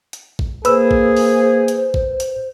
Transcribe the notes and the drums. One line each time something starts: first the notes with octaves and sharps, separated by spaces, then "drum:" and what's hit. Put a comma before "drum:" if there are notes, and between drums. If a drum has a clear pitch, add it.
drum: hi-hat
drum: kick A1
A#3 G#4 B4 C5 E6, drum: hi-hat
drum: kick A1
drum: open hi-hat
drum: hi-hat
drum: kick A1
drum: hi-hat